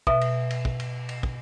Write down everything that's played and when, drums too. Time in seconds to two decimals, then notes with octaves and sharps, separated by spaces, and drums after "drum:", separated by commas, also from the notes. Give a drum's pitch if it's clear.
0.07 B2 E5, drum: kick
0.21 drum: cymbal
0.50 drum: cymbal
0.65 drum: kick
0.80 drum: cymbal
1.09 drum: cymbal
1.23 drum: kick